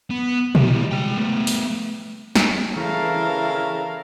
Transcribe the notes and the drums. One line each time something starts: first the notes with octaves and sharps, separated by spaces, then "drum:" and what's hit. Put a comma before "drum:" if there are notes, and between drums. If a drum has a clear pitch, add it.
B3
E3 G3, drum: tom B2
G#3 G5
A3 B3
drum: open hi-hat
drum: snare
C#3 E3 E4 A4 A#4 F5